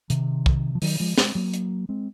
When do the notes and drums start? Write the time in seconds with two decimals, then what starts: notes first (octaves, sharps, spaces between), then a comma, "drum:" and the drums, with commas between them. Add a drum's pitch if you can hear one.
0.10 C3 D#3, drum: hi-hat
0.46 drum: kick
0.75 F3
0.82 D#3 F#3, drum: open hi-hat
1.00 F3 G#3
1.18 G#3 C4, drum: snare
1.35 F#3 A#3
1.54 drum: hi-hat
1.89 G#3 C4